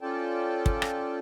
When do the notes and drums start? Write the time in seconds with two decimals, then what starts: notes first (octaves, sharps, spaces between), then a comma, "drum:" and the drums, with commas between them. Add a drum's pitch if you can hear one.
0.01 C#4 F4 A4 D5 G5 A5
0.66 drum: kick
0.82 drum: rim click